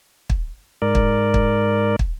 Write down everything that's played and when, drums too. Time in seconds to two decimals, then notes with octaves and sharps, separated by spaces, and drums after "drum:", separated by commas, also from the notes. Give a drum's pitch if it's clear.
0.30 drum: kick
0.82 G#2 A#4 D5
0.95 drum: kick
1.34 drum: kick
1.99 drum: kick